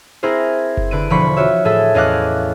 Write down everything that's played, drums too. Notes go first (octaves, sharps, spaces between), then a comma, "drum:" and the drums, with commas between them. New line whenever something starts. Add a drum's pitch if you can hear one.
C4 E4 G#4 A#4 C5
drum: kick F#1
D3 B4 D7 D#7
E1 D3 F3 C5 B5 C#6
F4 F#4 C#5 E5
A2 G#4 A4 E5
E2 C#4 D#5 F5 D6 F#6